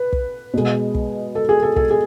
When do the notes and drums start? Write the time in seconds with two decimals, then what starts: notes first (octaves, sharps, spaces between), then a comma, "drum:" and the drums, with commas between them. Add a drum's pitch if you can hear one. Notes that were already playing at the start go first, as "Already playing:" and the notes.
Already playing: B4
0.13 drum: kick
0.54 B2 G#3
0.95 drum: kick
1.35 A4
1.49 G#4
1.63 A4
1.76 A4, drum: kick
1.91 G#4